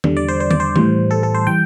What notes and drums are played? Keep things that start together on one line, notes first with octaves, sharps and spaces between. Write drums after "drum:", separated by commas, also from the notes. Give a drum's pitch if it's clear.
E2 D3 G3, drum: tom D#3
D5
C5
C5
D5, drum: tom D#3
C5
A2 E3 G3, drum: tom D#3
A4
A4
C5
E3 G3 G5